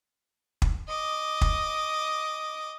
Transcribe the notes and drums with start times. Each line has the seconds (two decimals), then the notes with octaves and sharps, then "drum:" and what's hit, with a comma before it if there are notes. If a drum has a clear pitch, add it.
0.62 drum: kick
0.88 D#5 D6
1.41 drum: kick